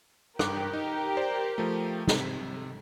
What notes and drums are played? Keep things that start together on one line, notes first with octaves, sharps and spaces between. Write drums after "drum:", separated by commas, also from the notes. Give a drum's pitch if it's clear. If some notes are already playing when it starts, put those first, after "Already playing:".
G2 G4 A#4 D6 F#6, drum: rim click
D#4
C5 D5
F3 A3
C3, drum: snare